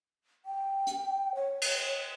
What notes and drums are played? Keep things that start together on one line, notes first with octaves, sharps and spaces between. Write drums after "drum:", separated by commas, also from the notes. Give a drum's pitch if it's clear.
G5
drum: hi-hat
C#5
drum: cymbal